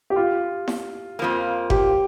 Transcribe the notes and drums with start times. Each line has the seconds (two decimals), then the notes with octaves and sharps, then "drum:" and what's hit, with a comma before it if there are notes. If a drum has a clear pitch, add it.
0.10 G4
0.16 F4
0.68 drum: snare E4
1.19 F2 F3 A#3
1.70 G4, drum: kick F#1